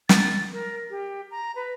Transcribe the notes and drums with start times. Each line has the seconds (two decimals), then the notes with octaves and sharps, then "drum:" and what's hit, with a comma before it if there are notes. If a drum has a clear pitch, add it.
0.09 A6, drum: snare
0.53 A#4
0.90 G4
1.31 A#5
1.56 B4